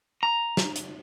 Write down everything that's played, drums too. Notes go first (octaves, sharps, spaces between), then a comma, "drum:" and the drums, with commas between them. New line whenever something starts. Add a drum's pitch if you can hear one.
A#5
drum: snare
drum: hi-hat